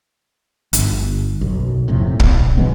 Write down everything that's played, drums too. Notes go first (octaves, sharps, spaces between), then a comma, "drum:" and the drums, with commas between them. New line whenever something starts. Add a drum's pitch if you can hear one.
G1, drum: hi-hat
B1 F#2
D#1 F2 A2 C3
B1, drum: kick
E3 F#3 G#3 B3